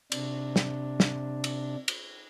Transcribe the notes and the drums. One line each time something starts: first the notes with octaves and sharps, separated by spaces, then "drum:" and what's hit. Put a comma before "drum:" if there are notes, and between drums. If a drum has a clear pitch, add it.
C3 D4, drum: cymbal
drum: snare
drum: snare
drum: cymbal
drum: cymbal